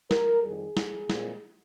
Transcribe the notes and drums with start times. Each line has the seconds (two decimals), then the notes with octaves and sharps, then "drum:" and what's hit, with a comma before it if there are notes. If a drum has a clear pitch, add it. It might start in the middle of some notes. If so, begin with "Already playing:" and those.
0.11 A#4, drum: snare
0.43 F2 D#3 G3 G#4
0.77 drum: snare
1.10 A#2 G#3 C4, drum: snare